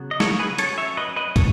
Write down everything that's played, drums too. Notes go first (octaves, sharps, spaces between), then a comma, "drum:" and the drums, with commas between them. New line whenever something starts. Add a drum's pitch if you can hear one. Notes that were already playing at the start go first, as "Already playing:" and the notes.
Already playing: C#3 F#3 B3
D#5
A4 C#5, drum: snare
G#4 B4
F#3 C#4 A4 C#5, drum: hi-hat
C#5 E5
B4 D#5
B4 D#5
A4 C#5, drum: kick, hi-hat